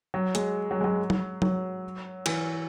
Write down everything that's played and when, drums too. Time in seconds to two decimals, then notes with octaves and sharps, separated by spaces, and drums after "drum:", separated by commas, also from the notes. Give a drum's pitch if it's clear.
0.14 F#3
0.35 G#3, drum: hi-hat
0.71 F#3
0.81 G#3
0.84 F#3
1.10 drum: tom F#3
1.42 F#3, drum: tom F#3
2.26 E3, drum: cymbal